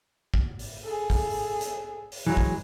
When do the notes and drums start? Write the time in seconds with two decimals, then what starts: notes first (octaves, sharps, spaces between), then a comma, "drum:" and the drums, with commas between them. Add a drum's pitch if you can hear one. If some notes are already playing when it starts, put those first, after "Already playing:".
0.34 drum: kick
0.59 drum: open hi-hat
0.84 G#4 A4
1.10 drum: kick, open hi-hat
1.61 drum: hi-hat
2.12 drum: open hi-hat
2.27 E3 F#3 G#3
2.37 drum: kick